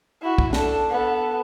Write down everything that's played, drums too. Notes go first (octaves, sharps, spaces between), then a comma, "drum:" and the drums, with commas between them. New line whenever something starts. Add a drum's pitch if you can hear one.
E4 F#4
drum: kick
D4 A4, drum: snare
B3 A4